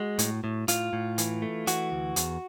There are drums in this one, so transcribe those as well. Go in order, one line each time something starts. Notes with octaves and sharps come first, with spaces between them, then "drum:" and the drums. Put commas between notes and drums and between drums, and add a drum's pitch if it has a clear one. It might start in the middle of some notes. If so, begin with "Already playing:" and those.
Already playing: G#3 F#4
A2, drum: hi-hat
A2
A2 F4, drum: hi-hat
A2
E3, drum: hi-hat
A3
E3 F#4, drum: hi-hat
D2
E2, drum: hi-hat